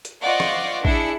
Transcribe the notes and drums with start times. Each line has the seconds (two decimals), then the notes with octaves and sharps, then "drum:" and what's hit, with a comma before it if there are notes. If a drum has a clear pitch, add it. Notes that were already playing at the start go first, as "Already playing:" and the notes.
0.05 drum: hi-hat
0.22 F4 C5 D5 D#5 F#5 C#6
0.40 drum: rim click
0.85 D4 E4 G#4 C#7, drum: kick